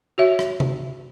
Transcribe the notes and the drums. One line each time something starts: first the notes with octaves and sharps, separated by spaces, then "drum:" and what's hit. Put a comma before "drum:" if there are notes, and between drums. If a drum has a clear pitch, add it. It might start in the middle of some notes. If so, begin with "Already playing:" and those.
F#4 C#5 E5
drum: rim click
drum: tom C3